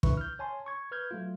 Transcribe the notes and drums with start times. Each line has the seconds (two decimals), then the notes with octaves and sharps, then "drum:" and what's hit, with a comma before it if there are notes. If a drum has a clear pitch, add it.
0.03 C2 D3 E3 B4 E5 C#6, drum: kick
0.17 F6 G6
0.39 C#5 G#5 A5 C6
0.66 C#6 G#6
0.91 B4 F6 G6 G#6
1.11 F#3 A3 F4